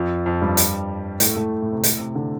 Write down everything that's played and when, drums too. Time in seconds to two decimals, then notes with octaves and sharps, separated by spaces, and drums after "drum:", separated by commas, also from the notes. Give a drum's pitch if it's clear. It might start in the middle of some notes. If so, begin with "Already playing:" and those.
Already playing: F2 F3
0.26 F2 F3
0.41 G2 G3
0.57 drum: hi-hat
1.20 A2 A3, drum: hi-hat
1.36 A2 A3
1.62 A2
1.72 C3
1.83 A2, drum: hi-hat
1.99 C3
2.15 D3